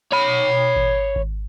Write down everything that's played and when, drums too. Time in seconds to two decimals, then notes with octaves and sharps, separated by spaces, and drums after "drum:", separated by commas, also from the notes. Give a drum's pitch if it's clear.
0.12 C#5 B5
0.76 drum: kick G#1
1.16 drum: kick G#1